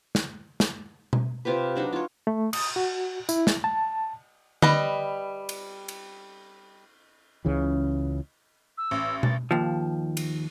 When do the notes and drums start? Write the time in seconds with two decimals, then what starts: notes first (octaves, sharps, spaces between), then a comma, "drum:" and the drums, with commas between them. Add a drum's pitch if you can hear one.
0.15 drum: snare
0.60 drum: snare
1.13 drum: tom B2
1.45 C3 F4 G4 B4
1.76 F#3 D4 D#4
1.93 F4 C#5
2.27 A3
2.53 D#6, drum: cymbal
2.76 F#4
3.29 E4, drum: tambourine
3.47 drum: snare
3.64 A5
4.62 G3 B4 D#5, drum: tom D3
5.49 drum: cymbal
5.88 drum: cymbal
7.45 C#2 C#3 E3
8.78 E6
8.91 A1
9.23 A6, drum: tom B2
9.51 D#2 F3
10.17 drum: cymbal